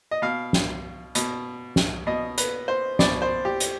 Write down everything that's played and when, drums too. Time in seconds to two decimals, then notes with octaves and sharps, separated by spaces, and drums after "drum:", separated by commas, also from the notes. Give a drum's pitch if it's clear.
0.11 D#5
0.22 B2 F5
0.53 drum: snare
1.15 B2, drum: hi-hat
1.76 drum: snare
2.07 B2 D#5
2.38 B4, drum: hi-hat
2.68 C5
2.99 B2 D5, drum: snare
3.22 C5
3.45 G4
3.60 drum: hi-hat